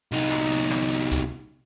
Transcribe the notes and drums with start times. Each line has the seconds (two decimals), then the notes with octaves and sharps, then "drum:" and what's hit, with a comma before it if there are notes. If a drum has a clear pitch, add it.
0.12 C2 D#4, drum: hi-hat
0.32 drum: clap
0.52 drum: hi-hat
0.72 drum: clap
0.92 drum: hi-hat
1.12 drum: kick, hi-hat